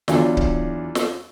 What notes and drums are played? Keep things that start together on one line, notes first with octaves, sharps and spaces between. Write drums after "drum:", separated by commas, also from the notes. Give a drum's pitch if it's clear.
E2 F#3 D4 F4, drum: snare
drum: kick C#1
drum: snare